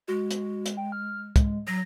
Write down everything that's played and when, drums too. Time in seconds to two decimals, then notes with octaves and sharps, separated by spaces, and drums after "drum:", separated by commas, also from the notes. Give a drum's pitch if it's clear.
0.08 G#3 F#4
0.31 drum: hi-hat
0.66 drum: hi-hat
0.77 G5
0.92 F6
1.36 G#3, drum: kick, hi-hat
1.67 F#3 A#6